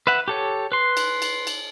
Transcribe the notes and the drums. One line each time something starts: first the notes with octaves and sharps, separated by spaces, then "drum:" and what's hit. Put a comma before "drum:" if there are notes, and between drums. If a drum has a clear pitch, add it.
B4 E5 F#5
G4 A4 C#5
B4 C6
drum: cymbal
drum: cymbal
drum: cymbal